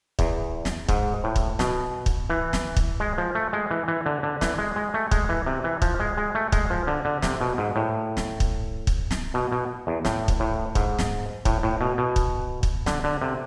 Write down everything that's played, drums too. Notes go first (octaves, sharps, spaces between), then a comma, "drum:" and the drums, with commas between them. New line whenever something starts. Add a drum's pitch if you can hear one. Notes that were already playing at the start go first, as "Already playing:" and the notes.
E2, drum: kick
drum: snare
G#2, drum: kick
A2
drum: kick
B2, drum: snare
drum: kick
E3
drum: snare
drum: kick
G#3
F3
A3
G#3
E3
E3
D3
D3
E3, drum: snare
G#3
G#3
A3
G#3, drum: kick
E3
C3
E3
F3, drum: kick
G#3
G#3
A3
G#3, drum: kick
F3
D3
D3
C3, drum: snare
B2
G#2
A2
drum: snare
drum: kick
drum: kick
drum: snare
B2
B2
E2
A2, drum: snare
drum: kick
A2
G#2, drum: kick
drum: snare
A2, drum: kick
A2
B2
B2
drum: kick
drum: kick
D3, drum: snare
D3
C3